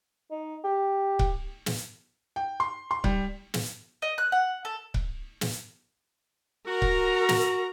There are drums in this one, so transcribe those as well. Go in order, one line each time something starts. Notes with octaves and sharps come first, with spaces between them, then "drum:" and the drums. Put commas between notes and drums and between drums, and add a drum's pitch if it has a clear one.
D#4
G4
drum: kick C#1
drum: snare
G5
C6
C6
G3, drum: kick C#1
drum: snare
D#5
F#6
F#5
A4
drum: kick C#1
drum: snare
F#4 A#4 A#5
drum: kick C#1
drum: snare